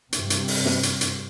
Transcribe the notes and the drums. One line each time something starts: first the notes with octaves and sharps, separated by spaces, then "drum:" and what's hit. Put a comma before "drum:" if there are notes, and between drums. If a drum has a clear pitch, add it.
G2 C3, drum: hi-hat
drum: hi-hat
drum: open hi-hat
drum: snare
drum: hi-hat
drum: hi-hat